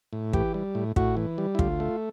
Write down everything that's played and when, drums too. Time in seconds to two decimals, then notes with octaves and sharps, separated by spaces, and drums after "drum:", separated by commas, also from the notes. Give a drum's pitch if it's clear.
0.13 A2
0.33 E3 G4, drum: kick
0.54 G3
0.75 A2
0.96 A2 F#4, drum: kick
1.17 E3
1.38 G3
1.55 E4
1.59 D2 F4, drum: kick
1.80 A3